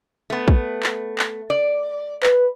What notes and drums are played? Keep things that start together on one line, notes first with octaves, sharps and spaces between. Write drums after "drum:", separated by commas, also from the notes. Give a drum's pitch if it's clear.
A3 B3
drum: kick
drum: clap
drum: clap
D5
B4, drum: clap